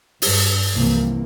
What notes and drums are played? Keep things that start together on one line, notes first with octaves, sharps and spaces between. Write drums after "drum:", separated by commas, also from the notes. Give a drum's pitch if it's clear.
G2, drum: open hi-hat
C2 E3 F3 A#3